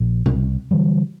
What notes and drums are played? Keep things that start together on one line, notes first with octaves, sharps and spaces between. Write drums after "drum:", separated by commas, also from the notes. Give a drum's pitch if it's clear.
A#1
C2, drum: tom B2
D3 E3 F#3 G3